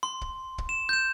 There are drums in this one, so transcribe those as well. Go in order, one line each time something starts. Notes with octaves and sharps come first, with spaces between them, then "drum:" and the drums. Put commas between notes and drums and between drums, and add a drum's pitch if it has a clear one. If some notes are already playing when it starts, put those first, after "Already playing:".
C6
drum: kick
drum: kick
E7
G6 E7